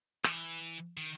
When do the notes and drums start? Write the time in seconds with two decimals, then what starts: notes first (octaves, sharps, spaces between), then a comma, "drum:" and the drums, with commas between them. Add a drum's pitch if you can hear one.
0.24 E3, drum: rim click
0.97 D#3